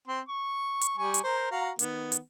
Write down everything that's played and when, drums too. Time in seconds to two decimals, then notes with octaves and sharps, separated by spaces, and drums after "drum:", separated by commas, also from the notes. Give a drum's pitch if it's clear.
0.08 C4 C6
0.28 C#6
0.81 drum: hi-hat
0.98 G3 G#5 C#6
1.14 drum: hi-hat
1.24 A#4 C5
1.51 F#4 F5 A#5
1.79 D#3 B3, drum: hi-hat
2.12 drum: hi-hat